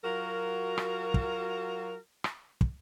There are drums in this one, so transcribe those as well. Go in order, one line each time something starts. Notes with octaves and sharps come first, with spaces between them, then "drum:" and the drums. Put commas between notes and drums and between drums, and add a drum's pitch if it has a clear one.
F#3 F4 F#4 A#4
drum: rim click
drum: kick
drum: rim click
drum: kick